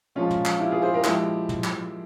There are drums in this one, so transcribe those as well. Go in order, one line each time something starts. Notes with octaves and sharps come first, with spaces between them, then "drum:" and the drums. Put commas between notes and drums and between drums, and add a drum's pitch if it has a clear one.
A#2 F3 G#3 C#4 F4
drum: tom
drum: clap
E4 G4
F4 G#4
G#4 C5
G4 A#4
A#2 F3 G#3 E4 G4, drum: clap
drum: tom
drum: clap